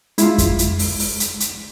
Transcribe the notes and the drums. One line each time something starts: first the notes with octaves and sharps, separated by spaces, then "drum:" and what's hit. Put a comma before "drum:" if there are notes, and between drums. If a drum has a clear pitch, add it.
G#3 E4 F4, drum: hi-hat
drum: kick F2, hi-hat
drum: hi-hat
drum: open hi-hat
drum: open hi-hat
drum: hi-hat
drum: hi-hat